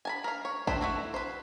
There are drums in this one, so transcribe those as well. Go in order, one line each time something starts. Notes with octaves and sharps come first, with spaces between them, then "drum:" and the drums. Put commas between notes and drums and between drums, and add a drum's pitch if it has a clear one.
G#5 A5 B5
A#4 F5
C#5
C4 D4 E4 B4 C5, drum: kick
A3 E4 F#4
B4 C5